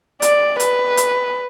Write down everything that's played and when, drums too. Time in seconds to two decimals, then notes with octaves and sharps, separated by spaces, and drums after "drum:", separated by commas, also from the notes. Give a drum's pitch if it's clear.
0.22 D5, drum: hi-hat
0.60 B4, drum: hi-hat
0.97 drum: hi-hat